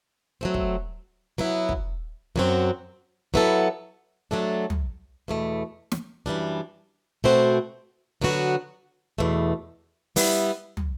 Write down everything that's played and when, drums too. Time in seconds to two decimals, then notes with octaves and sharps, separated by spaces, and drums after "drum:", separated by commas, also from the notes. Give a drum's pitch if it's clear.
0.41 F#3 A3 C4
0.54 drum: kick
1.38 F#3 B3 E4
1.69 drum: kick
2.36 F#2 F#3 C4 F#4
3.34 F#3 B3 E4 A4
4.31 F#3 A3 D4 A4
4.70 drum: tom
5.28 E2 B2 A3
5.92 drum: snare
6.26 F#2 E3 G3 D4
7.24 B2 A3 C4 F#4 C5
8.21 D3 F#3 B3 F#4
9.18 E2 B2 A3
10.16 G3 B3 E4, drum: open hi-hat
10.77 drum: tom